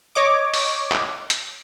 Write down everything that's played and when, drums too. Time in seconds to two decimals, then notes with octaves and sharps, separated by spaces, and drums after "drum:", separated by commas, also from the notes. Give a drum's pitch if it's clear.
0.15 C#5 D#5 D6
0.54 drum: open hi-hat
0.92 drum: clap
1.30 drum: hi-hat